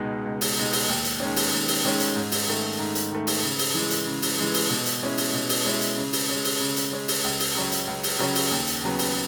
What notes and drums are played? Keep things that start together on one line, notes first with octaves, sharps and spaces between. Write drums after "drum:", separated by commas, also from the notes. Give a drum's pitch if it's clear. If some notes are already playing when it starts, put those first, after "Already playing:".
Already playing: C#2 B2 G#3 D#4
C#2
drum: open hi-hat
B2 G#3 D#4
drum: open hi-hat
D#2
drum: hi-hat
D#3 G#3 C#4
drum: open hi-hat
D#2
drum: open hi-hat
D#3 G#3 C#4
drum: hi-hat
G#2
drum: open hi-hat
D#3 A3
G#2
drum: hi-hat
D#3 A3
drum: open hi-hat
C#3
drum: open hi-hat
E3 G#3
drum: hi-hat
C#3
drum: open hi-hat
E3 G#3
drum: open hi-hat
B2
drum: hi-hat
G#3 C#4 E4
drum: open hi-hat
B2
drum: open hi-hat
G#3 C#4 E4
drum: hi-hat
C#3
drum: open hi-hat
G#3 C#4
drum: open hi-hat
C#3
drum: hi-hat
G#3 C#4
drum: open hi-hat
C#2
drum: open hi-hat
C#3 F#3 C#4
drum: hi-hat
C#2
drum: open hi-hat
C#3 F#3 C#4
drum: open hi-hat
D#2
drum: hi-hat
C#3 F#3 B3
drum: open hi-hat